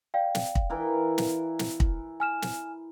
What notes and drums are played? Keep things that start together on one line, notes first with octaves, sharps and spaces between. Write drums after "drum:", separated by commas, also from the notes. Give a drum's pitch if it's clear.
D5 F5 G5
drum: snare
drum: kick
E3 E4 A#4
drum: snare
drum: snare
drum: kick
G#5 F6 E7
drum: snare